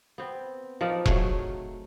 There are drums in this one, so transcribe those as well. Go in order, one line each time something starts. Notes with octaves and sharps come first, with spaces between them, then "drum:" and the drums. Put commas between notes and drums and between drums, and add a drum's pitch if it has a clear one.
B3 C4
F3 D#4 A#4 D5
F#3 A3 G#4, drum: kick E1